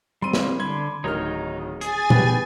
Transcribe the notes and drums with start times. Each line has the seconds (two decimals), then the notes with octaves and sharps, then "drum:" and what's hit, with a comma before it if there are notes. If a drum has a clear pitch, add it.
0.22 G3 C4 C6 D#7
0.33 drum: snare
0.60 D3 B5 C6 G#6
1.04 D1 D#3 D#4 C#5 A#5 F6
1.81 G#4 G#5 A6, drum: hi-hat
2.10 B3 G4, drum: tom